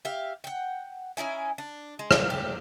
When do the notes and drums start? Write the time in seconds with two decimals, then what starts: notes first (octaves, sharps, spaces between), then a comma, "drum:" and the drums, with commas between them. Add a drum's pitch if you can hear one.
0.05 G4 E5 F5
0.44 F#5 G5
1.17 C#4 D#4 E4 G#5
1.58 D4
1.99 G#3
2.11 drum: rim click
2.30 G4